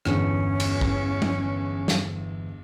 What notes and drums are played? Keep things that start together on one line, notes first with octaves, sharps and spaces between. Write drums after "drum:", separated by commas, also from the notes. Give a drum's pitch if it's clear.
G1 E2 D3 C#4, drum: rim click
drum: cymbal
drum: kick
drum: tom G3
drum: snare